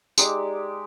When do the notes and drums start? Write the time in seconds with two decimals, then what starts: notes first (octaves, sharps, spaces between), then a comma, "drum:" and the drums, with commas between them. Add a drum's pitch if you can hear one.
0.18 G#3 D#4 G4 D5, drum: tambourine